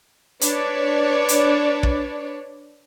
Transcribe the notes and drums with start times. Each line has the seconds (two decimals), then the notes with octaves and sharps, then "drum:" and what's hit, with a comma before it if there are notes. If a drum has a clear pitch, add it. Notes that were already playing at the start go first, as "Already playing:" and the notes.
0.41 D4 B4 C#5 D5, drum: hi-hat
1.29 drum: hi-hat
1.83 drum: kick